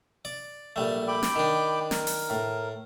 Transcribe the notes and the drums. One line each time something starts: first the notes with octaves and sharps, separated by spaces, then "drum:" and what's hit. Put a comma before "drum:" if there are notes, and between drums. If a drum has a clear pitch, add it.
D5
A#1 G3 A3
G5 B5 D6
drum: snare
D#3 D4
A#4, drum: snare
drum: open hi-hat
A2